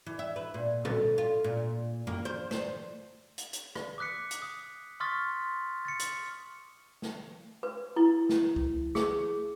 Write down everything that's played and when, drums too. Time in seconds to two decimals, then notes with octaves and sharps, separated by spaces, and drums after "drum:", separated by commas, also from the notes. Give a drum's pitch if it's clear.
0.06 E3
0.19 E5
0.36 B4
0.54 A#2
0.85 A4, drum: tom A2
1.18 F4
1.44 A#2
2.07 A#3, drum: tom F#2
2.25 C5
2.51 C5, drum: snare A3
3.38 drum: hi-hat
3.53 drum: hi-hat
3.75 drum: rim click
3.98 D6 D#6 F#6 B6 C#7
4.31 drum: hi-hat
4.42 D#6
5.00 C6 C#6 D#6 F6 A6 B6
5.85 A6 C#7
5.99 drum: hi-hat
7.02 drum: snare A3
7.63 B4
7.96 E4
8.29 drum: snare A3
8.56 drum: kick C#2
8.95 G#4, drum: snare A3